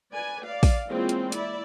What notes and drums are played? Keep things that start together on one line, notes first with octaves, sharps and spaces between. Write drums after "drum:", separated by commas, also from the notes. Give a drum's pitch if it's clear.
B4 D5 G#5
D5 F5
drum: kick, open hi-hat
E3 G#3 A#3 C4 C#4 F4
drum: hi-hat
E4 D5 E5, drum: hi-hat